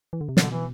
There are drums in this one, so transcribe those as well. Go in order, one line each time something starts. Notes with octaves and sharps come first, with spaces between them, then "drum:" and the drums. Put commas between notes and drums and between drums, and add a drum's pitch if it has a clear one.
E3
D3
C3
B2 D3, drum: snare
E3